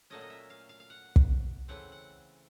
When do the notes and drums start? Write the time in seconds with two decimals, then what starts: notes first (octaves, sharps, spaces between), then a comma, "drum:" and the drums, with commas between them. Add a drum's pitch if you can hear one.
0.10 A#2 F#3 A3 C#4 D#5
0.21 D#5
0.30 E5
0.50 F5
0.69 F5
0.80 F5
0.90 F#5
1.16 drum: kick
1.68 C#3 E3 A3 C4 F#5
1.92 F#5